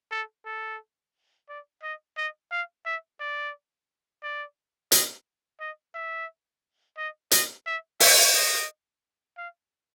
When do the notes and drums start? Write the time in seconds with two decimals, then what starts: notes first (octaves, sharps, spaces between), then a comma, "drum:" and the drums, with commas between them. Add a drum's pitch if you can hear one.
0.11 A4
0.46 A4
1.49 D5
1.83 D#5
2.17 D#5
2.51 F5
2.86 E5
3.20 D5
4.23 D5
4.92 D#5, drum: hi-hat
5.60 D#5
5.94 E5
6.98 D#5
7.31 D#5, drum: hi-hat
7.66 E5
8.00 E5, drum: open hi-hat
8.35 D#5
9.37 F5